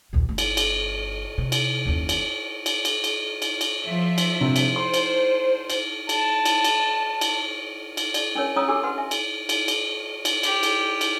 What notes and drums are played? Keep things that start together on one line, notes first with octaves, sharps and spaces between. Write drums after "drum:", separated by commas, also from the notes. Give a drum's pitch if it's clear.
A#1 D#2
G1 C4
drum: cymbal
drum: cymbal
C3
drum: cymbal
F#1 D#2
drum: cymbal
drum: cymbal
drum: cymbal
drum: cymbal
drum: cymbal
drum: cymbal
F3 E5
drum: cymbal
G2 C3 C4
drum: cymbal
C5 C6
drum: cymbal
drum: cymbal
A5, drum: cymbal
drum: cymbal
drum: cymbal
drum: cymbal
drum: cymbal
D5, drum: cymbal
C#4 D4 A#4 C#5
C#4 C#5 F5 A#5 D#6 E6
D4 G4 A4 G#5 D6 E6
B4 F#5 C6
E5 G#5
drum: cymbal
drum: cymbal
drum: cymbal
drum: cymbal
G4, drum: cymbal
drum: cymbal
drum: cymbal